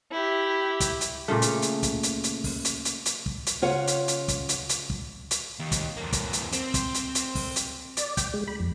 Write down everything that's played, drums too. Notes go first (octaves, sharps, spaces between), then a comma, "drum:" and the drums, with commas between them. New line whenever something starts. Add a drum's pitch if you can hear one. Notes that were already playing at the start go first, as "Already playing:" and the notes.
E4 G4
drum: kick, hi-hat
drum: hi-hat
A#2 C#3 A3
drum: hi-hat
drum: hi-hat
drum: kick, hi-hat
drum: hi-hat
drum: hi-hat
drum: kick, open hi-hat
drum: hi-hat
drum: hi-hat
drum: hi-hat
drum: kick
drum: hi-hat
C#3 F4 C#5 F#5
drum: hi-hat
drum: hi-hat
drum: kick, hi-hat
drum: hi-hat
drum: hi-hat
drum: kick
drum: hi-hat
D#2
drum: kick, hi-hat
F2 A#3
drum: kick, hi-hat
drum: hi-hat
C4, drum: hi-hat
drum: kick, hi-hat
drum: hi-hat
drum: hi-hat
drum: kick, open hi-hat
drum: hi-hat
D5, drum: hi-hat
G5, drum: kick, hi-hat
G#3
B5
F2